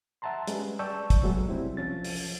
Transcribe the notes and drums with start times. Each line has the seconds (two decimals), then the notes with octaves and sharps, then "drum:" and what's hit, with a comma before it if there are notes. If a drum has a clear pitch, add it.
0.22 E5 F#5 A5 A#5 C6
0.47 G3 G#3 C#4 B4, drum: hi-hat
0.79 D5 G5 A5 C#6 E6 G6
1.10 drum: kick, hi-hat
1.23 B2 F#3 G#3 A3
1.49 C3 G3 C4 E4
1.77 C2 F3 C#4 A6
2.05 drum: open hi-hat